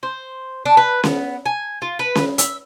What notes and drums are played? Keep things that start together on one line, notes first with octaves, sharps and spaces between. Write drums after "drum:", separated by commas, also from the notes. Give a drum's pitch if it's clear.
C5
D4
B4
B3, drum: snare C#4
G#5
F4
B4
drum: snare C#4
E5, drum: hi-hat